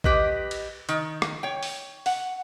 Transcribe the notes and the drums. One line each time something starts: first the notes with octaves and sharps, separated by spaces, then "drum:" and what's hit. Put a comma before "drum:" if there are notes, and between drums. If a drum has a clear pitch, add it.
G4 B4 D#5, drum: kick
drum: cymbal
D#3, drum: hi-hat
drum: rim click
C#5 G5
drum: open hi-hat
F#5, drum: open hi-hat